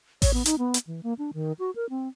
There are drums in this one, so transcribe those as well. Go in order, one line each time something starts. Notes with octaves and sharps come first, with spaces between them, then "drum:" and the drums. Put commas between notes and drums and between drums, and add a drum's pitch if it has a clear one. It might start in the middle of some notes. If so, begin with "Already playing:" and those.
C#5, drum: kick A1, open hi-hat
B3
D#4, drum: hi-hat
B3
drum: hi-hat
E3
A#3
D4
D#3
F#4
A#4
C4